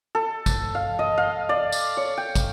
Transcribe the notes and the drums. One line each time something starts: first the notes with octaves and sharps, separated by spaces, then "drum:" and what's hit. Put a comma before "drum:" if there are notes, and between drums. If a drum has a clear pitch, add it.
A4
drum: kick, tambourine
F5
D#5
F5
D5
drum: tambourine
C#5
G5
drum: kick, tambourine